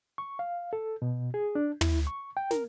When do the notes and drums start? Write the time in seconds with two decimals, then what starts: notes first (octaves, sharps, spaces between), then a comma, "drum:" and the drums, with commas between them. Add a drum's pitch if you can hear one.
0.18 C#6
0.39 F5
0.73 A4
1.02 B2
1.34 G#4
1.55 D4
1.81 E4, drum: tom
2.07 C#6
2.37 G5
2.51 A#4, drum: snare